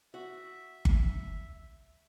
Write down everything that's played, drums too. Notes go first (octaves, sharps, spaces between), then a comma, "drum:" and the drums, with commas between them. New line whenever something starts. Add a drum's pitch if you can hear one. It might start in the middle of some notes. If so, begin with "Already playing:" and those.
F#4 E5
drum: kick G1